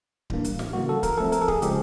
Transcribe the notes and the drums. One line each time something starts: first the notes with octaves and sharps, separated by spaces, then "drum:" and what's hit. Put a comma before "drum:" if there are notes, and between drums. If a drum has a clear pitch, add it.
A2 E3 G3 A#3 D4, drum: kick D1
drum: hi-hat
drum: snare
C#3 E3 G3 A#3 F#4
A4
A#4, drum: kick D1, hi-hat
F3 A3 C4 A4
A#4, drum: hi-hat
A4
G#4, drum: kick D1
C#3 F3 G#3 G4, drum: hi-hat